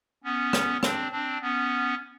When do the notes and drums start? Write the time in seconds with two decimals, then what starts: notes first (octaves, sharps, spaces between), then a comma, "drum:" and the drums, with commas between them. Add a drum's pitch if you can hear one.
0.24 B3 C#4
0.53 drum: rim click
0.83 C4 D4, drum: rim click
1.11 C4 D4
1.41 B3 C#4